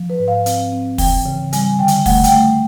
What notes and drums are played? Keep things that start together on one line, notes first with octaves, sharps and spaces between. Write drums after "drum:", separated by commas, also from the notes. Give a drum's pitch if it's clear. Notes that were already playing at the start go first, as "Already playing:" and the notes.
Already playing: F3
B4
G#2
F5
C4, drum: hi-hat
C4
E3 G5, drum: kick, open hi-hat
C#3
G3 G#5, drum: hi-hat
D3 G5
drum: hi-hat
A3 F#5, drum: kick, open hi-hat
G5, drum: hi-hat
A3